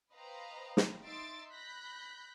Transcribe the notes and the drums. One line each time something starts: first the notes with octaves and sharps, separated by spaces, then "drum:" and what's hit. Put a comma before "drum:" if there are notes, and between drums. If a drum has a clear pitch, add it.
B4 C5 D#5 F5 G5 A#5
drum: snare
D#4 E5 C6 A6 D7
B5 F#6 G6 A#6 B6